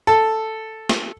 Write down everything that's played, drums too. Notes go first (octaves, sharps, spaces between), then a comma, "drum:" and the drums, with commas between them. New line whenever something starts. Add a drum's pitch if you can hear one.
A4
drum: snare